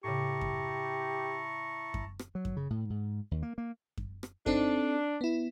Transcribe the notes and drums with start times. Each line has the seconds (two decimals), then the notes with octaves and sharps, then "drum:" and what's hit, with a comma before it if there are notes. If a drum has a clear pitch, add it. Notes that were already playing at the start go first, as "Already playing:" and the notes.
0.04 A2 C#3 E4 G4 A5 A#5 C#6
0.41 drum: kick F#2
1.94 drum: kick F#2
2.19 drum: rim click
2.35 F#3
2.45 drum: kick F#2
2.57 C#3
2.70 A2
2.90 G#2
3.31 D#2
3.43 A#3
3.58 A#3
3.97 drum: kick F#2
4.23 drum: rim click
4.46 C4 D4 D#4 A4, drum: kick F#2
5.21 B3 E4